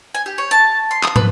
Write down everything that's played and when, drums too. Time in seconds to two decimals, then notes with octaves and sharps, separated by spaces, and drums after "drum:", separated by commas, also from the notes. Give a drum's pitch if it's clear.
0.15 G#5
0.26 G4
0.38 C#5
0.51 A5
0.91 C6
1.03 D#6, drum: clap
1.16 B4, drum: tom